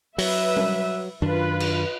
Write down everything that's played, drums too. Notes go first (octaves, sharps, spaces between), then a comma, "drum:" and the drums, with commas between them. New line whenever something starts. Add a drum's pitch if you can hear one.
F#3 B4 E5, drum: open hi-hat
drum: tom G3
F#2 D#3 D4 F4 B4
drum: cymbal